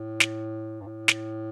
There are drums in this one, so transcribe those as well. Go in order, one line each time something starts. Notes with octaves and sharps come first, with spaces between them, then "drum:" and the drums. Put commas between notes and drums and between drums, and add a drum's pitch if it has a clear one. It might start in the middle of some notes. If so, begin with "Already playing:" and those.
Already playing: A2
drum: snare
G2
A2
drum: snare